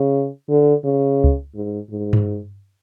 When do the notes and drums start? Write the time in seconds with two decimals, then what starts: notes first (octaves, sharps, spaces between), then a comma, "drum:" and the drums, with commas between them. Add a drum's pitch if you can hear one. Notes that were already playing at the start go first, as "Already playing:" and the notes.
Already playing: C#3
0.49 D3
0.84 C#3
1.24 drum: kick C#2
1.55 G#2
1.90 G#2
2.13 drum: tom G2